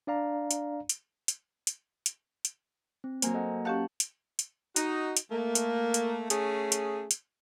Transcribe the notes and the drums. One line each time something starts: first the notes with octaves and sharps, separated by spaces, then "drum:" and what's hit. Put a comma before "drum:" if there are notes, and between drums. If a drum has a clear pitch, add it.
D4 D5 F5 A#5
drum: hi-hat
drum: hi-hat
drum: hi-hat
drum: hi-hat
drum: hi-hat
drum: hi-hat
C4
F#3 A#3 C5 G#5 A#5, drum: hi-hat
A4 D#5 F#5
C#4 G4 F5 F#5 A5
drum: hi-hat
drum: hi-hat
D#4 F#4, drum: hi-hat
drum: hi-hat
A3 A#3
drum: hi-hat
drum: hi-hat
A3 C#4 G#4, drum: hi-hat
drum: hi-hat
drum: hi-hat